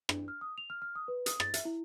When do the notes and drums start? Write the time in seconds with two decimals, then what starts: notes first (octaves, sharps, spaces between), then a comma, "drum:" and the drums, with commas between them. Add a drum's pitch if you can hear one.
0.09 D4, drum: rim click
0.28 F6
0.41 D#6
0.58 F7
0.70 F6
0.82 F6
0.95 D#6
1.08 B4
1.26 D#6, drum: hi-hat
1.40 A6, drum: rim click
1.54 E5, drum: hi-hat
1.65 E4